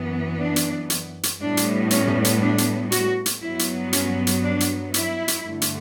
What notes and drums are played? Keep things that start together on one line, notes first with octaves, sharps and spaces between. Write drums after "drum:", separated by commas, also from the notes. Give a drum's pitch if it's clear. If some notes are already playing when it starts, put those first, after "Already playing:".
Already playing: F#2 E3 B3
D4
drum: hi-hat
drum: hi-hat
drum: hi-hat
A2 G3 B3 D4
drum: hi-hat
C#4, drum: hi-hat
drum: tom
drum: hi-hat
D4
drum: hi-hat
F#4, drum: hi-hat
drum: hi-hat
G2 F#3 B3 E4
drum: hi-hat
C#4, drum: hi-hat
drum: hi-hat
D4
drum: hi-hat
E4, drum: hi-hat
drum: hi-hat
G2 D3 A3
drum: hi-hat